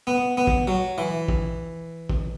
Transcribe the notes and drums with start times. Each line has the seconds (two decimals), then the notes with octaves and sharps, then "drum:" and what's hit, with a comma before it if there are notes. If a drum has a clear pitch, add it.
0.07 B3
0.37 B3
0.47 drum: kick
0.67 F#3
0.98 E3
1.28 drum: kick
2.10 drum: kick